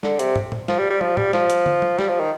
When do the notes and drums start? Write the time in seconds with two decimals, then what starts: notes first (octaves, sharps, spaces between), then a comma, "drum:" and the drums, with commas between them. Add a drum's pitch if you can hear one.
0.03 D3, drum: snare
0.19 C3, drum: hi-hat
0.36 drum: tom
0.52 drum: tom A2
0.68 F3, drum: snare
0.79 G3
0.90 G3
1.01 F3, drum: tom
1.17 G3, drum: tom A2
1.33 F3, drum: snare
1.50 drum: hi-hat
1.66 drum: tom
1.82 drum: tom
1.99 G3, drum: snare
2.09 F3
2.20 D#3